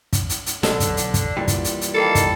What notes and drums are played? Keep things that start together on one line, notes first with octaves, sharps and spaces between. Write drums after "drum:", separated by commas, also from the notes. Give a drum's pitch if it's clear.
drum: kick, hi-hat
drum: hi-hat
drum: hi-hat
B1 D3 A4, drum: snare
drum: kick, hi-hat
drum: hi-hat
drum: kick, hi-hat
A#2 E3 G3
drum: kick, hi-hat
drum: hi-hat
drum: hi-hat
D#3 A#3 A4 G5 A5 B5
drum: kick, hi-hat